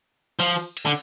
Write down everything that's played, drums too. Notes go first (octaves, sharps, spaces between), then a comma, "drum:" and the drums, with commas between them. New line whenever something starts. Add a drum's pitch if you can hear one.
F3, drum: open hi-hat
drum: cymbal
D3